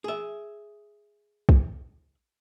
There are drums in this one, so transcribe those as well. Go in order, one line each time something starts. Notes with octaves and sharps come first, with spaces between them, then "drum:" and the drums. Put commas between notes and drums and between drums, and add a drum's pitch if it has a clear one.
G#4 E5
drum: kick